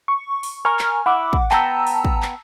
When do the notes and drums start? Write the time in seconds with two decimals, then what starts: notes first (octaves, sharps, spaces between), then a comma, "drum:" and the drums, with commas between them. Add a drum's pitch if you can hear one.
0.08 C#6
0.43 drum: open hi-hat
0.65 A#4 G#5 C#6 F6
0.79 drum: clap
1.06 E4 F#5 D6
1.33 drum: kick
1.51 B3 G5 A5 A#5 E6, drum: clap
1.87 drum: open hi-hat
2.05 drum: kick
2.22 drum: clap